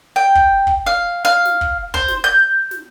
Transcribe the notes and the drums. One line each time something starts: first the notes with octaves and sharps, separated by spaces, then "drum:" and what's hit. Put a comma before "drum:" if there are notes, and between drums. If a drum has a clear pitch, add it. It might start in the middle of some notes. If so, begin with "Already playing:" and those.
G5
drum: kick
drum: kick
F5
F5
drum: snare
drum: kick
C5, drum: kick
drum: snare
G6
drum: snare